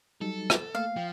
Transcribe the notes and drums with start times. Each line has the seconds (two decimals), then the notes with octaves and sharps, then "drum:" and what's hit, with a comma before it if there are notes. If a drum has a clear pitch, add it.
0.21 F#3 G3 D#4 A4
0.50 drum: rim click
0.75 A3 A#3 F5
0.97 F3 G5